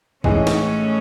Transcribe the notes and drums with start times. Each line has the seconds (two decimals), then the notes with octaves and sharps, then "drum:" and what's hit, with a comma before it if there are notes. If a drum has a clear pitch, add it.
0.24 A2 E3 G#3 A3 C#4 D#4 G#4, drum: kick B1
0.47 drum: snare